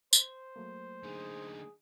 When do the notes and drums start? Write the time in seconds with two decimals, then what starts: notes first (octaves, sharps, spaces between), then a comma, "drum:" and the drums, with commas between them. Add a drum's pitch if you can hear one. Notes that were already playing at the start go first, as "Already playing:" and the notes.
0.13 C5, drum: tambourine
0.56 F#3 A3 A#3
1.03 D3 D#4 G#4